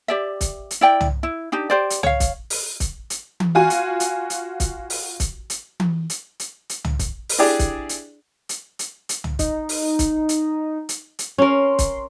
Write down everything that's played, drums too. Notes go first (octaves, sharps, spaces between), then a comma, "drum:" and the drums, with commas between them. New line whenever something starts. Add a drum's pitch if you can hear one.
G4 D5 E5
drum: kick, hi-hat
drum: hi-hat
E4 D5 G5
drum: tom
E4
D4 D#4 G4
G4 C5 D5
drum: hi-hat
C#5 F5, drum: tom
drum: kick, hi-hat
drum: open hi-hat
drum: kick, hi-hat
drum: hi-hat
drum: tom E3
F4 F#4 G#5
drum: hi-hat
drum: hi-hat
drum: hi-hat
drum: kick, hi-hat
drum: open hi-hat
drum: kick, hi-hat
drum: hi-hat
drum: tom E3
drum: hi-hat
drum: hi-hat
drum: hi-hat
drum: tom
drum: kick, hi-hat
drum: open hi-hat
D4 E4 G4 G#4 D5
drum: kick, hi-hat
drum: hi-hat
drum: hi-hat
drum: hi-hat
drum: hi-hat
drum: tom
D#4, drum: kick, hi-hat
drum: open hi-hat
drum: kick, hi-hat
drum: hi-hat
drum: hi-hat
drum: hi-hat
C#4 A#4 C6
drum: kick, hi-hat